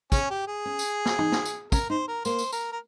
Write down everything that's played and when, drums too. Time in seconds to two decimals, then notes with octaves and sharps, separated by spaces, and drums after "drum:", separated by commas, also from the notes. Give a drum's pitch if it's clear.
0.12 C#3 C#4, drum: kick, tambourine
0.30 G4
0.48 G#4
0.66 C#4
0.79 drum: tambourine
1.06 drum: snare
1.19 D#4, drum: tom
1.32 drum: snare
1.45 drum: tambourine
1.72 C#4 A#4, drum: kick, tambourine
1.90 D#4 C5
2.08 A#4
2.25 A#3 C5, drum: tambourine
2.39 drum: tambourine
2.52 A#4, drum: tambourine
2.72 A#4